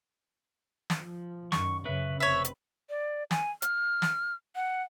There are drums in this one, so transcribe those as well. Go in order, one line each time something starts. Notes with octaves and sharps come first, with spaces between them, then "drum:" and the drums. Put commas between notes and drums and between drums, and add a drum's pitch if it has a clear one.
drum: snare
F3
F#2 D#3 C#6, drum: snare
F#2 C#3 C#4 B4 E5
F1 C4 B4 C#5 E5
drum: hi-hat
D5
G#5, drum: snare
F6, drum: hi-hat
drum: snare
F#5